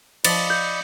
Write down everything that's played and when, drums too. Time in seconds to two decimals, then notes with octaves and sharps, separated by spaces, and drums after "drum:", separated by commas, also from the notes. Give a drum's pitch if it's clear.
0.25 F3 D5 D#5 B5 A6, drum: cymbal
0.50 G6